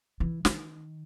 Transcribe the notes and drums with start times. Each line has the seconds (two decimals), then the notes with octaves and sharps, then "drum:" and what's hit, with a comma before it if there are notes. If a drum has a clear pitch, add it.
0.20 E3
0.45 D#3, drum: snare